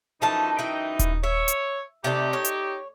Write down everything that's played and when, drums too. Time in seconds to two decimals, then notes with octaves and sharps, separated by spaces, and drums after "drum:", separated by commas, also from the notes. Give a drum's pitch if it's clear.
0.22 F#2 E3 F3 A3 D#4 A5
0.59 E4 G5
0.99 drum: kick D#1, hi-hat
1.24 C#5 E5
1.48 drum: hi-hat
2.04 C3 A3 D#4 G4 D5
2.33 C#5
2.45 drum: hi-hat